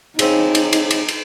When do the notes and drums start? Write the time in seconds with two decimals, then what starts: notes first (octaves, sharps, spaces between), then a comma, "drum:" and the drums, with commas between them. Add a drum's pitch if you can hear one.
0.19 C#3 C4 C#4 D#4, drum: cymbal
0.55 drum: cymbal
0.73 drum: cymbal
0.91 drum: cymbal
1.08 drum: cymbal